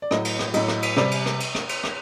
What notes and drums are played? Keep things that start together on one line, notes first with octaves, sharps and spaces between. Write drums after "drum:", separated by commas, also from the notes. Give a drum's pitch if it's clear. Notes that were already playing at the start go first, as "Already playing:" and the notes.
D5
A2 F#3 D#5, drum: rim click
drum: cymbal
drum: rim click
A2 F#3 D#5, drum: cymbal
drum: rim click
drum: cymbal
C3 G3 D5, drum: rim click
drum: cymbal
drum: rim click
drum: cymbal
drum: rim click
drum: cymbal
drum: rim click